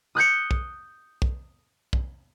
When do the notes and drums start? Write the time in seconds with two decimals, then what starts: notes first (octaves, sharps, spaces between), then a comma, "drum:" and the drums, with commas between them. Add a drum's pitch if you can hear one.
0.15 D#6 F#6 G6 C#7
0.51 drum: kick
1.22 drum: kick
1.93 drum: kick